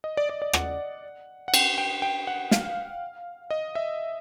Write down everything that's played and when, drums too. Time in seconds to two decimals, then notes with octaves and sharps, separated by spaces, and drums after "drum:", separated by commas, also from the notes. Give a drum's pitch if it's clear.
0.04 D#5
0.17 D5
0.29 D5
0.42 D5
0.53 F#5, drum: rim click
1.48 F#5
1.54 G5, drum: cymbal
1.78 G5
2.02 G5
2.27 F#5
2.51 F5, drum: snare
3.50 D#5
3.75 E5